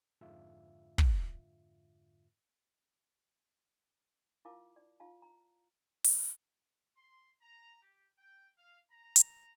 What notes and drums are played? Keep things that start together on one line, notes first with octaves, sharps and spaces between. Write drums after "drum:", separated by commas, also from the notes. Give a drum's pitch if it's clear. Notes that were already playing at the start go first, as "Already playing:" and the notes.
F2 G#2 D3 F4 E5
drum: kick
E4 F4 A#4 F5 A5 D6
D5
F4 F5 A5
A#5
drum: open hi-hat
C6
A#5
G4
G5
F5
A#5
drum: hi-hat